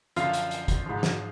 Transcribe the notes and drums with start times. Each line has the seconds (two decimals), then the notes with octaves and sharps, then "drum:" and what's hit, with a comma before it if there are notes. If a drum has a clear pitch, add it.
0.16 F#2 D3 F3 F4 F5, drum: hi-hat
0.34 drum: hi-hat
0.51 drum: hi-hat
0.68 drum: kick, hi-hat
0.86 G#2 F3
1.03 drum: snare